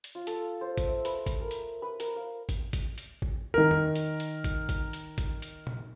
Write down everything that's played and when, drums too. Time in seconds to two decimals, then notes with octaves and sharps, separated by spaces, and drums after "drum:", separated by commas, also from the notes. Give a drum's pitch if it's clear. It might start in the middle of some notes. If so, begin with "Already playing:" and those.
0.04 drum: hi-hat
0.15 F4
0.27 A4, drum: hi-hat
0.61 C5
0.78 drum: kick, hi-hat
0.88 E5
1.05 B4, drum: hi-hat
1.26 drum: kick, hi-hat
1.42 A#4
1.51 drum: hi-hat
1.82 B4
2.00 A#4, drum: hi-hat
2.16 F5
2.49 drum: kick, hi-hat
2.73 drum: kick, hi-hat
2.98 drum: hi-hat
3.22 drum: kick
3.54 D#3 A#4
3.71 drum: tom E2
3.96 drum: hi-hat
4.20 drum: hi-hat
4.44 drum: kick, hi-hat
4.69 drum: kick, hi-hat
4.93 drum: hi-hat
5.18 drum: kick, hi-hat
5.42 drum: hi-hat
5.67 drum: tom A#2